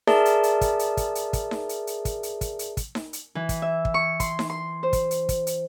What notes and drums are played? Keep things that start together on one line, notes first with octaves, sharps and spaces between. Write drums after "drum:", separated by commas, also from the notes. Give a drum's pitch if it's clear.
G#4 A#4 D5 E5 A5, drum: snare D#4
drum: hi-hat
drum: hi-hat
drum: kick, hi-hat
drum: hi-hat
drum: kick, hi-hat
drum: hi-hat
drum: kick, hi-hat
drum: snare D#4
drum: hi-hat
drum: hi-hat
drum: kick, hi-hat
drum: hi-hat
drum: kick, hi-hat
drum: hi-hat
drum: kick, hi-hat
drum: snare D#4
drum: hi-hat
E3
drum: kick, hi-hat
E5
drum: kick
C#6
C6, drum: kick, hi-hat
drum: snare D#4
C6
C5
drum: kick, hi-hat
drum: hi-hat
drum: kick, hi-hat
drum: hi-hat